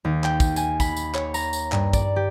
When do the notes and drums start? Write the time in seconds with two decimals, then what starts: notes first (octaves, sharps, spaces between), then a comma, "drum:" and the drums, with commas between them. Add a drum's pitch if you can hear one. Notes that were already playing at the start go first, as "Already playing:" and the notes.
0.05 D#2
0.24 G5, drum: clap
0.40 drum: kick, tambourine
0.56 G#5, drum: tambourine
0.80 B5, drum: kick, tambourine
0.97 drum: tambourine
1.15 C#5, drum: clap
1.34 A#5, drum: tambourine
1.53 drum: tambourine
1.72 G2, drum: clap
1.93 D5, drum: kick, tambourine
2.16 G4